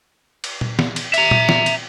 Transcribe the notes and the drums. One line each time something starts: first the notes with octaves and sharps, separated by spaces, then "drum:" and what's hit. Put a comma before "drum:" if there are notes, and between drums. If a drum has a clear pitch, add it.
drum: cymbal
drum: tom A#2
drum: snare
drum: cymbal
E5 A#5, drum: cymbal
drum: tom A#2
drum: snare
drum: cymbal